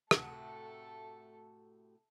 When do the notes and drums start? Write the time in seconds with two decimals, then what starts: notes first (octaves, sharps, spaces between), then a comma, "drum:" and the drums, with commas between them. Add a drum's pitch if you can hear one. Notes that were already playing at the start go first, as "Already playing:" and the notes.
0.11 A2 C3 A3 F#4 A4, drum: rim click